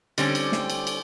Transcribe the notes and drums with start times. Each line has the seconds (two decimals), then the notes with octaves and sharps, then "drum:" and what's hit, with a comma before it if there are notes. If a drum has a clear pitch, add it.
0.18 D3 G3 C4 C#4, drum: cymbal
0.35 drum: cymbal
0.52 drum: snare
0.70 drum: cymbal
0.87 drum: cymbal